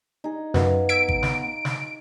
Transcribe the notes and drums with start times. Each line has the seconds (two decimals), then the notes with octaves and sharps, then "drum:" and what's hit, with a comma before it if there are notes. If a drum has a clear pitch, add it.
0.24 D#4 G#4
0.54 F#2 B3 F5, drum: snare
0.89 E6 G#6 B6 D7
1.08 drum: kick
1.23 drum: snare
1.65 drum: snare